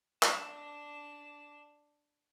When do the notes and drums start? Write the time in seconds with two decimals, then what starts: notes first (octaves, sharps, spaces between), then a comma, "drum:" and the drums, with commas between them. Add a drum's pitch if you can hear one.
0.23 D4 E7, drum: clap